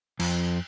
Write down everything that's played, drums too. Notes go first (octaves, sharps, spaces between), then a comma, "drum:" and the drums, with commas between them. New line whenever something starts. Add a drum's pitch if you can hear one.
F2, drum: cymbal